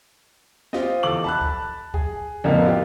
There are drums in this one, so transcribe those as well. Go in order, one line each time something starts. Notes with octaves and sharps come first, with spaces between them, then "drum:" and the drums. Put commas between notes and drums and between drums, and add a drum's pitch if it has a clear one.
F4 G4 C5 D#5, drum: snare
E2 A4 D6 F#7
A5 B5 F#6
drum: kick C#2
G#4, drum: kick C#2
A1 F2 D3 B3 A#4 F5
F4 G4